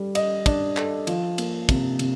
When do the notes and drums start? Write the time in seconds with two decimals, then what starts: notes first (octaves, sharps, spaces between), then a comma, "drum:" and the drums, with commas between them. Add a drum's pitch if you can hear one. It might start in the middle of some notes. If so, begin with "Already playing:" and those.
Already playing: G3 A4
0.15 D#5, drum: cymbal
0.46 D4, drum: kick, cymbal
0.77 A4, drum: clap
1.07 F3, drum: cymbal
1.38 A#3, drum: cymbal
1.69 C3, drum: kick, cymbal
1.99 C3, drum: cymbal